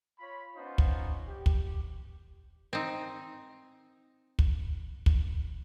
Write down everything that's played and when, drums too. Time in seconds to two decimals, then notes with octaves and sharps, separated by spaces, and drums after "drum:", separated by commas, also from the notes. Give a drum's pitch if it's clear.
0.18 F4 C#5 B5
0.56 B3 C#4 D#4 F4 C5
0.78 drum: kick
1.27 G4
1.46 drum: kick
2.73 C4 D#4
4.39 drum: kick
5.06 drum: kick